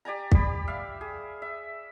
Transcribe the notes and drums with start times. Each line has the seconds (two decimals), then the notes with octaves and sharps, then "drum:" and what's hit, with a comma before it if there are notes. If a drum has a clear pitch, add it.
0.05 G4 D5 G#5 A#5
0.32 G4 D5 B5, drum: kick
0.68 E5 F5
1.01 G#4
1.42 E5